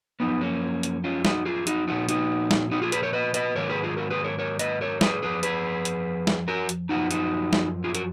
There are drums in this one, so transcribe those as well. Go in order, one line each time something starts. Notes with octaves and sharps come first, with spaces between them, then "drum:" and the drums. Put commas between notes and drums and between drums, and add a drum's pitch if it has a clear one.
F#2 F3 B3 D#4
A#3 C#4
drum: hi-hat
C#4 F4
D#4 F#4, drum: snare
F4 G#4
D#4 F#4, drum: hi-hat
A#2 F3 D#4 F#4
D#4 F#4, drum: hi-hat
drum: snare
D#4 F#4
F4 G#4
G#4 B4, drum: hi-hat
A#4 C#5
B4 D#5
B4 D#5, drum: hi-hat
G#2 D#3 F#3 A#4 C#5
G#4 B4
F4 G#4
F#4 A#4
G#4 B4
A#4 C#5
A#4 C#5
B4 D#5, drum: hi-hat
A#4 C#5
G#4 B4, drum: snare
F2 F3 G#4 B4
G#4 B4, drum: hi-hat
drum: hi-hat
drum: snare
F#4 A#4
drum: hi-hat
F#2 F3 D#4 F#4
D#4 F#4, drum: hi-hat
drum: snare
F4 G#4
F#4 A#4, drum: hi-hat